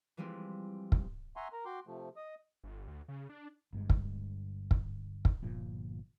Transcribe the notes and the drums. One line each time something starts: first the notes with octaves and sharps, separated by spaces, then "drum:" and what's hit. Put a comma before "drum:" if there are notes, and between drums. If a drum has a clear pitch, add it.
E3 F3 G3 G#3 C4 E4
drum: kick
E5 F#5 G#5 A#5 C6 C#6
A#4 A#5
F#4 G5 C6 D6
C3 F3 A3
D#5 D#6
G1
D2
C#3
D4
G1 G2 G#3
drum: kick
drum: kick
drum: kick
G1 A#2 F3